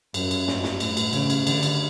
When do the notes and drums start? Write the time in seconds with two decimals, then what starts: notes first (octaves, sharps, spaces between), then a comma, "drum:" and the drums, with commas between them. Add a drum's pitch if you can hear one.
0.14 F#2, drum: cymbal
0.31 drum: cymbal
0.48 G2, drum: snare
0.64 drum: snare
0.80 A2, drum: cymbal
0.97 drum: cymbal
1.13 C#3, drum: cymbal
1.30 drum: cymbal
1.47 D3, drum: cymbal
1.63 drum: cymbal